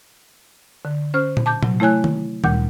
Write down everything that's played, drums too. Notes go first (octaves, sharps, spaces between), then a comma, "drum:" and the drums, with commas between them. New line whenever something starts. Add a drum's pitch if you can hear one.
D3
C#4 C5 F6
drum: tom A#2
A5 D6 G6
C3 F#3, drum: tom A#2
A3 E4 C#5 G#5 F#6
drum: tom D#3
D2 A#2 G3 G6, drum: tom D#3